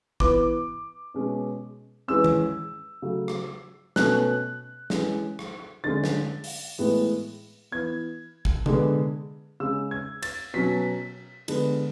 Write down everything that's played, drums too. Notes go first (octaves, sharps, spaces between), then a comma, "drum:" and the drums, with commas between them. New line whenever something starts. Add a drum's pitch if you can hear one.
E3 B3 D6, drum: kick
B2 G#3 C#4
E3 G#3 C#4 E6
drum: tom D#3
C#3 F#3 A3
drum: rim click
B2 A3 C#4 F#6, drum: snare
E3 G#3 C#4, drum: snare
drum: rim click
D3 G#3 C#4 A6
drum: snare
drum: open hi-hat
A2 E3 G#3 B3
E3 B3 G#6
drum: kick
D3 G#3 B3, drum: tom C3
C#3 G#3 C#4 E6
G#6
A6, drum: cymbal
B2 F#3 C#4 B6
D3 G#3 B3, drum: cymbal